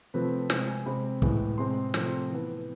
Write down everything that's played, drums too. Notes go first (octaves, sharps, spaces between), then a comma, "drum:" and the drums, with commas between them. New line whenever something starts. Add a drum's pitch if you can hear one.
C3 F3 A3 C4 B4
C3 G#3 C4 C5, drum: snare
G#5
C3 G#3 C4 B5
A2 E3 G#3 B3, drum: kick
C3 G#3 C4 C6
C3 F3 A3 C4, drum: snare
E3 B3